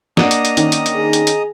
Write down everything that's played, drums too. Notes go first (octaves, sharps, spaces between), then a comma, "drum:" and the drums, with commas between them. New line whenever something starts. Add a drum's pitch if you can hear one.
A#3 D4 D#5 F#5 A#5 D#6, drum: snare
drum: hi-hat
drum: hi-hat
D#3 C#4, drum: hi-hat
drum: hi-hat
drum: hi-hat
G#4
drum: hi-hat
drum: hi-hat